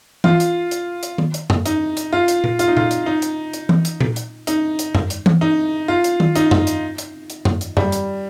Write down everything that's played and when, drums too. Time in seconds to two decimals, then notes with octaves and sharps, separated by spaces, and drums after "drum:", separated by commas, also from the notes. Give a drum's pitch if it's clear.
0.24 F4, drum: tom E3
0.40 drum: hi-hat
0.71 drum: hi-hat
1.03 drum: hi-hat
1.18 drum: tom D#3
1.34 drum: hi-hat
1.50 drum: tom F2
1.66 D#4, drum: hi-hat
1.97 drum: hi-hat
2.12 F4
2.28 drum: hi-hat
2.44 drum: tom A#2
2.59 F4, drum: hi-hat
2.68 D#4
2.77 F4, drum: tom A#2
2.91 drum: hi-hat
3.06 D#4
3.22 drum: hi-hat
3.53 drum: hi-hat
3.69 drum: tom E3
3.85 drum: hi-hat
4.01 drum: tom A#2
4.16 drum: hi-hat
4.47 D#4, drum: hi-hat
4.79 drum: hi-hat
4.95 drum: tom F2
5.10 drum: hi-hat
5.26 drum: tom E3
5.41 D#4
5.88 F4
6.04 drum: hi-hat
6.20 drum: tom D#3
6.36 D#4, drum: hi-hat
6.51 drum: tom F2
6.67 drum: hi-hat
6.98 drum: hi-hat
7.30 drum: hi-hat
7.45 drum: tom F2
7.61 drum: hi-hat
7.77 G3, drum: tom F2
7.92 drum: hi-hat